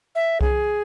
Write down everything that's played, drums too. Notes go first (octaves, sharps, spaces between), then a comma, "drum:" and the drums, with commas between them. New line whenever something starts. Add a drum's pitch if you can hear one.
E5
G#4, drum: kick C2